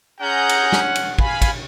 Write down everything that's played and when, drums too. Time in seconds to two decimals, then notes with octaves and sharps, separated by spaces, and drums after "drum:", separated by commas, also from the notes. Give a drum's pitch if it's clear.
0.21 C#4 G#4 F#5 A#5 G6
0.49 drum: cymbal
0.72 drum: snare
0.95 drum: cymbal
1.19 F5 G#5 B5, drum: kick
1.42 drum: kick, cymbal